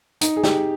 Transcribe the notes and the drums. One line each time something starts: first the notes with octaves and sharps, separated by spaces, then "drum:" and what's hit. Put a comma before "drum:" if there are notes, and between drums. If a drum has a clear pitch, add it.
D#4, drum: hi-hat
G#4
G4, drum: snare